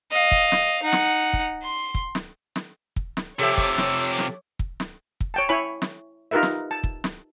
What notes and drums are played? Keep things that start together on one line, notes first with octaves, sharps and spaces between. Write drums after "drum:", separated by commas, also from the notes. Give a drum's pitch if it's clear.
D#5 F5
drum: kick
drum: snare
D#4 F#5
drum: snare
drum: kick
C6
drum: kick
drum: snare
drum: snare
drum: kick
drum: snare
C3 F3 G4 A4 C#5 E5 D6 E6
drum: kick
drum: snare
drum: snare
drum: kick
drum: snare
drum: kick
C#5 G5 A5
E4 C#5 G#5 B5
drum: snare
D#4 F4 G4 A#4 B4 E5
drum: snare
A5
drum: kick
drum: snare